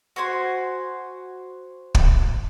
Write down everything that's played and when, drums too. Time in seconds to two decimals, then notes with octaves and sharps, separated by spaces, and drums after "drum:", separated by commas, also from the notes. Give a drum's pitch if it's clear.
0.16 F#4 C5 G#5 C6
1.95 drum: kick